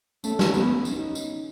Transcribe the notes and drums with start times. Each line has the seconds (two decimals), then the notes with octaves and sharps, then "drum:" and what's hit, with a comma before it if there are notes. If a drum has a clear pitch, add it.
0.24 A3 C#4, drum: tambourine
0.39 drum: snare
0.54 B3, drum: tambourine
0.85 C#4, drum: tambourine
0.92 D#4
1.15 drum: tambourine